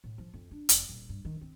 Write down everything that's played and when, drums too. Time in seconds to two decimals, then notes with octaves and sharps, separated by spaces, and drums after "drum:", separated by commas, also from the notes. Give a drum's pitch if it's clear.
0.04 A2
0.18 F3
0.34 F2
0.51 D4
0.69 F1, drum: hi-hat
0.89 D#1
1.09 G2
1.25 D#3
1.41 C4